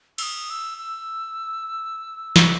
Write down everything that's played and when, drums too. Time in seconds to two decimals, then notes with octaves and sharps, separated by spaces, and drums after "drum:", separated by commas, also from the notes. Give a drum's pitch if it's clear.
0.18 E6, drum: cymbal
0.22 D#6
0.50 E6
0.78 E6
2.36 drum: snare